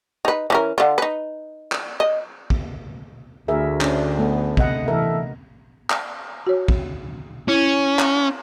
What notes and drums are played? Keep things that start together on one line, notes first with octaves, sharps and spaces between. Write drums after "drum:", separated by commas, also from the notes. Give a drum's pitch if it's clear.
D#4 B4
E3 C#4 A#4
D3 F4
D#4 B4
drum: clap
D#5
drum: kick
D2 G#4 A#4 E5
C#4 D4, drum: clap
A3 B3
C3 D#5 F#5, drum: kick
E3 A4 A#4 E5
drum: clap
F#4 C#5
drum: kick
C#4 E4
drum: clap